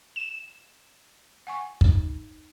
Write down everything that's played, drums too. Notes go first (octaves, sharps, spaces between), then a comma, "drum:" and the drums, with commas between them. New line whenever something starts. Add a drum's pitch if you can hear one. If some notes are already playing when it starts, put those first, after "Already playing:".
E7
F#5 G#5 C#6
D#4, drum: kick